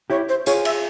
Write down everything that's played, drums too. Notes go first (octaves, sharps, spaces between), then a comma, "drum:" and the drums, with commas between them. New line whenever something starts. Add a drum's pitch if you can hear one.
E4 G4 C#5
C5
F4 G#4 C#5, drum: hi-hat
E5, drum: cymbal